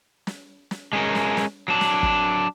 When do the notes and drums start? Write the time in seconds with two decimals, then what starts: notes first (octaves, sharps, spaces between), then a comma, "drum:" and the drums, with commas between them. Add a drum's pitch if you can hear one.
0.27 drum: snare
0.71 drum: snare
0.93 G#3 C#4 A#4
1.15 drum: snare
1.37 drum: snare
1.68 F#3 D4
1.81 drum: snare
2.03 drum: kick